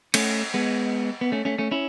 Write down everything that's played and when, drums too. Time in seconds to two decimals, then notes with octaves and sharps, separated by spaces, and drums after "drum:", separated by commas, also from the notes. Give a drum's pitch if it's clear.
0.14 A3 C#4, drum: cymbal
0.54 G#3 B3
1.21 B3
1.32 A3 C#4
1.45 A3 C#4
1.58 A3 C#4
1.71 C#4 E4